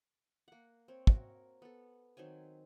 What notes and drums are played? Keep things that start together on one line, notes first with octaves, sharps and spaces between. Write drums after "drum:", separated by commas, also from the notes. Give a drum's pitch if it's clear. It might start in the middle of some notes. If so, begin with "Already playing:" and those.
A#3 F#5
C4 C#5
F#4 A#4, drum: kick
B3 A4
D#3 F#3 C4 G#5